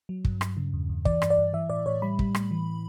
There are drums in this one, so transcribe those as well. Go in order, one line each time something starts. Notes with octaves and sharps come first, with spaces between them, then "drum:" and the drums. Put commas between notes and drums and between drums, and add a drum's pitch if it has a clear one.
F#3
G2, drum: kick
G2, drum: rim click
C#3
E2
E2
E3 D5, drum: kick
G2, drum: rim click
D5
G2
E3 E5
A2 D5
A2 C#5
G3 B5
G3, drum: kick
A2, drum: rim click
E3